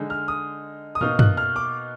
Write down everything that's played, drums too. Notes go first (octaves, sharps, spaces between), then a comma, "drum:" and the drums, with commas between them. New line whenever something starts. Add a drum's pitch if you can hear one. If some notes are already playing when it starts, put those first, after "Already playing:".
Already playing: D3 G#3 D#4
F6
D#6
D#6
B2 A#3 D#4 F6
F#6, drum: tom
F6
D6